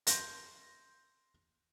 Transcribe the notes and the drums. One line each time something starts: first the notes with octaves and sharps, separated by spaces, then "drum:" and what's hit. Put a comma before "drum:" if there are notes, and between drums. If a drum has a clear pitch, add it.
C6 G6 A#6, drum: hi-hat